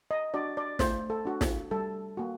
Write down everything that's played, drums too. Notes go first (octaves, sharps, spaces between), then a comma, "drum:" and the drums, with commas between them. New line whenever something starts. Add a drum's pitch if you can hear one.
D#5
D4 F#4 D5
D5
A3 C5, drum: snare
A4
D4 F#4
drum: snare
G3 A4
A#3 F#4